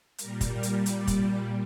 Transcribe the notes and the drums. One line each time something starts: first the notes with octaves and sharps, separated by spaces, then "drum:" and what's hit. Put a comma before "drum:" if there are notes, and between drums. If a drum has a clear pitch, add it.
A#2 G3 A#4, drum: hi-hat
drum: kick, hi-hat
A#4
drum: hi-hat
D5, drum: hi-hat
drum: kick, hi-hat